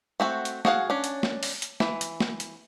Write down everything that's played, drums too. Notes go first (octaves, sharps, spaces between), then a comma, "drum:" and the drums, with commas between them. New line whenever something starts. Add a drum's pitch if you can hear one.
A3 C4 F#4
drum: hi-hat
F#4 G#4 F5 F#5, drum: snare
C#4 D4
drum: hi-hat
drum: snare
drum: open hi-hat
drum: hi-hat
E3, drum: snare
drum: hi-hat
drum: snare
drum: hi-hat